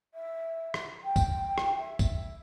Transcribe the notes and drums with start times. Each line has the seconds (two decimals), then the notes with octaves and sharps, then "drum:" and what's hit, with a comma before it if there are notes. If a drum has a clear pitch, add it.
0.14 E5
0.74 drum: rim click
1.04 G5
1.16 drum: kick, tambourine
1.58 drum: rim click
1.79 E5
1.99 drum: kick, tambourine